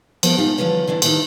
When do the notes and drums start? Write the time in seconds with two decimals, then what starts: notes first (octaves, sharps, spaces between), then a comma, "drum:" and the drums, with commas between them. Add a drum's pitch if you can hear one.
0.23 F3 B3 A#4, drum: cymbal
0.38 G#2 C3 D#4 F4 G4 G#5
0.58 D3 E3 F3 G3 A#3 C#5
0.87 D3 E3 D4 E4
1.02 B2 D#3 D#4 E4 E5 A5, drum: cymbal